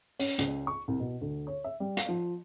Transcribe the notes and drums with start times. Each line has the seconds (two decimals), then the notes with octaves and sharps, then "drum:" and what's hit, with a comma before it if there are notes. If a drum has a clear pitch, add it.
0.19 C#4, drum: open hi-hat
0.39 C#2, drum: hi-hat
0.67 C#6
0.88 C2
1.00 B2
1.21 D2
1.47 C#5
1.64 E5
1.80 G3
1.97 F5, drum: hi-hat
2.09 F3